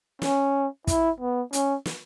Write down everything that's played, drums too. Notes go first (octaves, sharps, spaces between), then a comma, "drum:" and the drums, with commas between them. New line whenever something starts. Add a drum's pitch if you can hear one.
C#4, drum: snare
E4, drum: kick, hi-hat
B3
C#4, drum: hi-hat
drum: snare